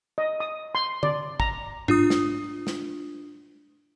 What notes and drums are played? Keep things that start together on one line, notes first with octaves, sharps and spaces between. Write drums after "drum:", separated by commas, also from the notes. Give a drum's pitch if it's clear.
D#5
D#6
C6
D5, drum: tom D3
A#5, drum: kick
D4 F4 D#6, drum: tom G#2
drum: snare
drum: snare